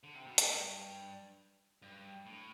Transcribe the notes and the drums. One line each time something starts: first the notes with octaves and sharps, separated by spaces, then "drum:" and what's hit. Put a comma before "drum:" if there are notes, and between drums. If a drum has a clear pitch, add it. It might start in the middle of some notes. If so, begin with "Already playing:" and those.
D3
C3
B2
A2, drum: hi-hat
G2
G2
A2